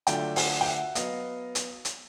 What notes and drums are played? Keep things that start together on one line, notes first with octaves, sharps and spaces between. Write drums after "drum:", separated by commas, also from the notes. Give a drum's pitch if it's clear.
D3 F#3 A3 D4 F4 G5 A5, drum: hi-hat
F#5 G#5, drum: open hi-hat
G5
E5 F#5
F#3 B3 D#5 F5, drum: hi-hat
drum: hi-hat
drum: hi-hat